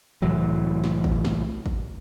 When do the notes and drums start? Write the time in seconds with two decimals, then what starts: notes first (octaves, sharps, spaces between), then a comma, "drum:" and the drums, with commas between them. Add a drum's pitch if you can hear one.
0.22 C2 A2 E3 F#3
0.84 drum: snare
1.04 drum: kick
1.25 drum: snare
1.66 drum: kick